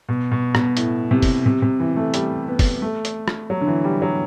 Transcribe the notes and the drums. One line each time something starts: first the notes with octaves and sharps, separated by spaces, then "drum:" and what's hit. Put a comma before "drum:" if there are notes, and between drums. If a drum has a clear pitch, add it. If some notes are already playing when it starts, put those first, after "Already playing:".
B2
B2
B2, drum: rim click
A2, drum: hi-hat
C3
drum: kick, open hi-hat
C3
C3
E3
A3
G3, drum: hi-hat
B3
drum: kick, open hi-hat
A3
drum: hi-hat
drum: rim click
F#3
D3
E3
G3
F#3